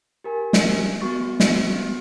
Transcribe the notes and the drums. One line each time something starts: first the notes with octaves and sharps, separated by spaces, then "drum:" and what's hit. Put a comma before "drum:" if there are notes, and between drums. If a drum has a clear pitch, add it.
G4 A#4 G#5
drum: snare
B3 F#4 C#6 A6
drum: snare
B3